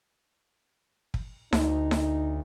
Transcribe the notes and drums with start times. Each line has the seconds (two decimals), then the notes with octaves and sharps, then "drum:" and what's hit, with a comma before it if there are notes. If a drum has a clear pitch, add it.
1.14 drum: kick
1.53 D2 D#4, drum: snare D#4
1.91 drum: snare D#4